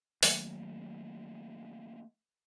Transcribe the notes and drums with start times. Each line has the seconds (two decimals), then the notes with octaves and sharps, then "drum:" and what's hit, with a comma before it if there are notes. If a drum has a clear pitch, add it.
0.23 D#3 F#3 A3 A#3, drum: open hi-hat